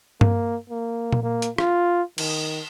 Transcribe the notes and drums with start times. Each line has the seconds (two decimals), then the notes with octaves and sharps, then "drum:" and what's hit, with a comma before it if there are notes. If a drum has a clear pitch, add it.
0.21 A#3, drum: tom G2
0.70 A#3
1.12 drum: tom A#2
1.23 A#3
1.42 drum: hi-hat
1.58 F4, drum: rim click
2.18 D#3, drum: cymbal